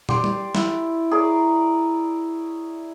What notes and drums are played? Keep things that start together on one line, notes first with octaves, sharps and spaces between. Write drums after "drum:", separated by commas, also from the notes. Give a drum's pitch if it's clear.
G4 D5 C6, drum: tom
drum: tom G3
E4, drum: snare
G#4 A#4 C#5 D5